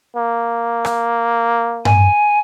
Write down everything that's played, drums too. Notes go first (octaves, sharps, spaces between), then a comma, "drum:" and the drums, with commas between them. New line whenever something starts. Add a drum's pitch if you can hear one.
A#3
drum: rim click
G#5, drum: tom G2